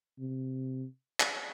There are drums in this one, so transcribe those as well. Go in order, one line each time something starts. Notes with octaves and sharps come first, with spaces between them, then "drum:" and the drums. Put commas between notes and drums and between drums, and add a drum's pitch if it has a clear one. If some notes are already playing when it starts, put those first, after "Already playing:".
C3
drum: clap